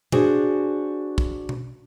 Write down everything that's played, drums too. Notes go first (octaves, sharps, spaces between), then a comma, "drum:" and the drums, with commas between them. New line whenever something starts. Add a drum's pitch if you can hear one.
D4 F#4 G#4 C5 G#5, drum: tom A#2
drum: kick
drum: tom B2